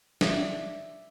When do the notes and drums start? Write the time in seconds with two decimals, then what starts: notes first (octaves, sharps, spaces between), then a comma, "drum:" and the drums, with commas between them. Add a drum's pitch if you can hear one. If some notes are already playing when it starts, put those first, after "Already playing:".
0.21 D5 E5, drum: snare